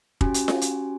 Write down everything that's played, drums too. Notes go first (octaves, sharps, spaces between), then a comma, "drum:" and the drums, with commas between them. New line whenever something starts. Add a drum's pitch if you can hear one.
C#4 F#4 G4 G#5, drum: kick
drum: hi-hat
drum: snare F4
drum: hi-hat